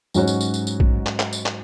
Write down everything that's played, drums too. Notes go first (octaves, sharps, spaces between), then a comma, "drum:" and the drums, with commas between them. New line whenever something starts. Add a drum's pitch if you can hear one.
G#2 F#3 C#4 F#4 C#5, drum: tambourine
drum: tambourine
drum: tambourine
drum: tambourine
drum: tambourine
drum: kick A#1
drum: clap
drum: clap
drum: tambourine
drum: clap